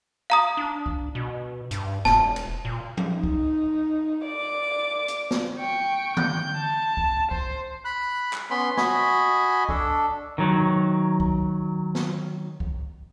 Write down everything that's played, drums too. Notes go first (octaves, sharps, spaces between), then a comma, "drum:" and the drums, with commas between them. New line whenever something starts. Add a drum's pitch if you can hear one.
F5 A#5 D#6
D4
drum: kick
B2
G2, drum: hi-hat
E1 A5, drum: snare
drum: cymbal
A#2
drum: tom F3
D#4
drum: kick
D5 D6
drum: hi-hat
drum: snare
G5 C#6
G6, drum: tom D3
A5
drum: kick
C5, drum: kick
B5 F#6
drum: clap
B3 C#4 B5 C6
F#4 D#5 G#5 B5, drum: snare
D4 A4, drum: kick
D#3 F#3
drum: kick
drum: snare
drum: kick